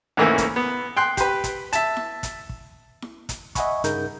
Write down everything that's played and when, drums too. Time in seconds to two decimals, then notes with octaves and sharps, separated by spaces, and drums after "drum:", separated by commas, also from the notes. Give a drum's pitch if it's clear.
0.17 C#2 G#2 E3 A3 A#3 C#4
0.38 drum: kick, hi-hat
0.56 B3
0.97 G5 C6 F#6
1.17 G4 B4, drum: kick, hi-hat
1.44 drum: kick, hi-hat
1.73 E5 A5, drum: hi-hat
1.97 drum: snare E4
2.23 drum: kick, hi-hat
2.49 drum: kick
3.02 drum: snare E4
3.29 drum: kick, hi-hat
3.55 D#5 E5 F#5 G#5 B5 C#6, drum: kick, hi-hat
3.84 G2 C#3 D#4 G#4 A#4 G6, drum: hi-hat